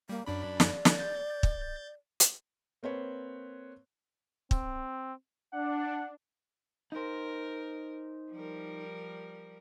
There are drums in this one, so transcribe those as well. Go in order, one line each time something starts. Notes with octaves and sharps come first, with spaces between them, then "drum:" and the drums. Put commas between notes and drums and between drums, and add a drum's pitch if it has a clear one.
G3 A#3
F#2 D4 D5 B5
drum: snare
drum: snare
G6 A6
drum: kick
drum: hi-hat
A#3 C4 B4 C#5
C4, drum: kick
D4 F#5
D#4 A#4 C5
F3 G3 A#4